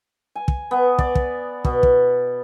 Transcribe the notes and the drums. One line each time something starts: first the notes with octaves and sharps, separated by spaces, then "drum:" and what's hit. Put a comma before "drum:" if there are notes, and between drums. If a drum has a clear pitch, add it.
G#5
drum: kick
B3
D5, drum: kick
drum: kick
B2, drum: kick
drum: kick